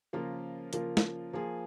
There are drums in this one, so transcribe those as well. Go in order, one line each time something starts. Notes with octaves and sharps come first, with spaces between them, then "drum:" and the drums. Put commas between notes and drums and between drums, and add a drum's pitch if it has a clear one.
C#3 F3 A#3 F4 A#4
C#3 F3 A#3 F4 A#4, drum: hi-hat
drum: snare
F3 A#3 F4 G#4